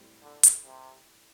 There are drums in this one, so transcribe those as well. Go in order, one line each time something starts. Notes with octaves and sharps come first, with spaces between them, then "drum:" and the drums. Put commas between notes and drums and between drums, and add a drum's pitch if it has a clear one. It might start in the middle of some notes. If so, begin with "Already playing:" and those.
Already playing: A2 G3 C4 E4 G4
D3
drum: hi-hat
C3